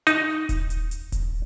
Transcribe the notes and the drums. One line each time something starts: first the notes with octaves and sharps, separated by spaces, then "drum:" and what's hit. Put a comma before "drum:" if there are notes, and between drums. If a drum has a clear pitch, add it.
D#4, drum: hi-hat
drum: kick D#1, hi-hat
drum: hi-hat
drum: hi-hat
drum: kick D#1, hi-hat